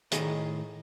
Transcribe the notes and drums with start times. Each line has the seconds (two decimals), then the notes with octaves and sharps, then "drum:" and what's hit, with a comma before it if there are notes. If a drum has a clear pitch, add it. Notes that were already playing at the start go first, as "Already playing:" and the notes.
0.12 A2 D#3 G#4 D#5, drum: hi-hat